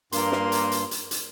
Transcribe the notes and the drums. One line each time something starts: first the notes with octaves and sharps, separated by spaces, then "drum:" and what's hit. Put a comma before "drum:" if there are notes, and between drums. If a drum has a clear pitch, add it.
G2 A#2 F3 A#3 C6, drum: hi-hat
drum: snare
drum: hi-hat
drum: hi-hat
drum: hi-hat
drum: hi-hat